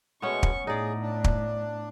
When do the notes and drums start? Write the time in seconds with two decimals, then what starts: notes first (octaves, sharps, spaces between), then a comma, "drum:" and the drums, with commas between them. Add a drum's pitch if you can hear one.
0.22 B2 G#3 A3 B3 C#4 C#6
0.43 drum: kick
0.67 A2 D#4 G#4 D5
1.01 D4
1.24 drum: kick